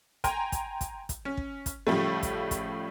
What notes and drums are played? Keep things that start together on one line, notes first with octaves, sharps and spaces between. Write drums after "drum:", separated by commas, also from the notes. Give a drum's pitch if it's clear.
G5 G#5 A#5 C6, drum: kick, hi-hat
drum: kick, hi-hat
drum: kick, hi-hat
drum: kick, hi-hat
C#4
drum: kick
drum: kick, hi-hat
A2 C#3 F3 G3 A3
drum: kick, hi-hat
drum: kick, hi-hat